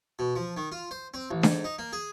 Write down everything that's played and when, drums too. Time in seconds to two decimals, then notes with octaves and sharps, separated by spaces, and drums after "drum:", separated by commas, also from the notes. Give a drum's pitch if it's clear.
0.19 B2
0.36 F3
0.57 D#3
0.72 F4
0.91 C5
1.14 C4
1.31 A1
1.43 G#2, drum: snare D4
1.65 D#4
1.79 A#3
1.93 G#4